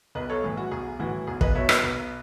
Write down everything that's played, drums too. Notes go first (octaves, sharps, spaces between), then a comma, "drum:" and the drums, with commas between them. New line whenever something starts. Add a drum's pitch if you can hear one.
B1 B4 D#5
A4 C#5
A2 E3 G#4
F#4
B1 G#4
A2 E3 F#4
B1 G#4
B4 D#5, drum: kick
B2 F#3 C#5 E5
B4 D#5, drum: rim click
B1